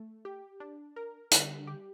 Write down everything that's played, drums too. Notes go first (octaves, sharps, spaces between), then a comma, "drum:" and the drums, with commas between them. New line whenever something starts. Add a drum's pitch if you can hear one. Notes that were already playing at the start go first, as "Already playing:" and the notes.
Already playing: A3
G4
D4
A#4
D3 G3, drum: hi-hat
G4